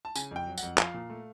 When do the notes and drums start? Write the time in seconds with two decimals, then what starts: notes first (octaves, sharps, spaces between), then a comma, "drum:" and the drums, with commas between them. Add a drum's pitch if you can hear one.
0.05 A5
0.15 C#3 G#5, drum: tambourine
0.31 F2 G5
0.47 F#3
0.58 F#5, drum: tambourine
0.63 F2
0.78 F3 F5, drum: clap
0.94 A#2
1.10 A3